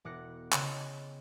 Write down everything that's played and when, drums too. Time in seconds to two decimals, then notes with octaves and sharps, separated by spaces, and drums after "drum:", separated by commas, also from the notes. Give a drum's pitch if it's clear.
0.05 E1 B3 D6 F#6 A#6 C#7
0.52 C#3 C#5 D#5 D#6, drum: clap